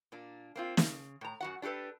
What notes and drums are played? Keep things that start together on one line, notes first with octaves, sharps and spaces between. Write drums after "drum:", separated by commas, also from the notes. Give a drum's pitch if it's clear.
A#2 A#3 D4
A#3 C4 F4
C#3, drum: snare
A2 A#5
F#2 F#4 F#5
D4 F#4 G4 A4 B4